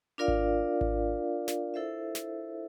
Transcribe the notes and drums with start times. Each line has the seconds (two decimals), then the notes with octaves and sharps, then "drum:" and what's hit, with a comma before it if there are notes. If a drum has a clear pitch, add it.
0.18 D4 F4 A#4 D5 F5
0.28 drum: kick G#1
0.81 drum: kick G#1
1.48 drum: snare
1.74 E4 A4 C5 E5
2.15 drum: snare